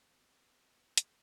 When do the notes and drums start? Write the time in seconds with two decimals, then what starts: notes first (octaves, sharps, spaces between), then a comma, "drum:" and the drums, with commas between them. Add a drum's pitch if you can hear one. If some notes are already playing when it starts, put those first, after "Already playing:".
Already playing: A2 E3 G3 C4
0.11 C4
0.17 B3
0.46 B3
0.70 B3
0.97 drum: hi-hat